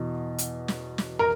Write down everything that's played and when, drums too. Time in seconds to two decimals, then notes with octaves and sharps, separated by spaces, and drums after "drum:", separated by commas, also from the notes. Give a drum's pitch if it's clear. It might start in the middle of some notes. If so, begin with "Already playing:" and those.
Already playing: E2 B2
0.38 drum: hi-hat
0.68 drum: snare
0.98 drum: snare
1.19 A#4